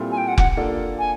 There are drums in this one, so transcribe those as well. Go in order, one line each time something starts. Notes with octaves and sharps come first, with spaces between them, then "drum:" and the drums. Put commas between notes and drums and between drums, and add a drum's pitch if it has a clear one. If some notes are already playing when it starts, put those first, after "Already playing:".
Already playing: A#2 G3 C4 E4 A4
G#5
G5
F#5
F#5, drum: kick F1
A#3 D4 F4 A4
G#5